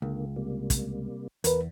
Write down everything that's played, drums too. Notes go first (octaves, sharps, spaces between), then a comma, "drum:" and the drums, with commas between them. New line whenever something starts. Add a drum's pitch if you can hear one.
C#2 D3 A#3
C3 G3 A#3
drum: kick, hi-hat
E2 A#4 B4, drum: hi-hat